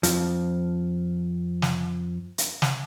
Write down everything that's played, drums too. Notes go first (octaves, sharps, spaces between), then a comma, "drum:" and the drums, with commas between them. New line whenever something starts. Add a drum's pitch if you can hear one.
F2 F3, drum: hi-hat
drum: snare
drum: hi-hat
drum: snare